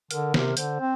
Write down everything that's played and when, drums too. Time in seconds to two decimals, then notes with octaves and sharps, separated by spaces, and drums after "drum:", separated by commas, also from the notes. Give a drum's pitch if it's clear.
0.11 D3 A#4, drum: hi-hat
0.34 C3, drum: snare
0.57 D3 C5, drum: hi-hat
0.80 C4